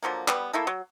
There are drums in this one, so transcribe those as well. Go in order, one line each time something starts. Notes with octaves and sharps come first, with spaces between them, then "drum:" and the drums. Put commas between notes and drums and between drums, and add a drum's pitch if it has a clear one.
D3 F3 F#3 A#3
G3 B3, drum: clap
A3 A#3 E4 A4
F#3